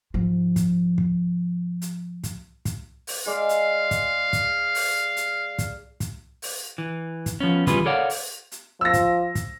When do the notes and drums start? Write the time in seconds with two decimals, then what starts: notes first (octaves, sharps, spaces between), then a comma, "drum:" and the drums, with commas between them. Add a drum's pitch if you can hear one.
0.14 G#2 F3
0.56 drum: kick, hi-hat
0.98 drum: kick
1.82 drum: hi-hat
2.24 drum: kick, hi-hat
2.65 drum: kick, hi-hat
3.07 drum: open hi-hat
3.26 G#3 D5 E5 F5
3.49 drum: hi-hat
3.91 drum: kick, hi-hat
4.33 drum: kick, hi-hat
4.75 drum: open hi-hat
5.17 drum: hi-hat
5.58 drum: kick, hi-hat
6.00 drum: kick, hi-hat
6.42 drum: open hi-hat
6.78 E3
7.26 drum: kick, hi-hat
7.40 F3 B3 C#4
7.67 C#3 E3 G3 F4 G#4 B4, drum: kick, hi-hat
7.86 A4 A#4 C#5 D5 F5 F#5
8.10 drum: open hi-hat
8.52 drum: hi-hat
8.81 F3 E6 A#6
8.93 drum: kick, hi-hat
9.35 drum: kick, hi-hat